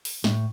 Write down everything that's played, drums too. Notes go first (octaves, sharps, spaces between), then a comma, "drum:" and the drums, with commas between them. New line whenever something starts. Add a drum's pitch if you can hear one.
drum: open hi-hat
A2, drum: snare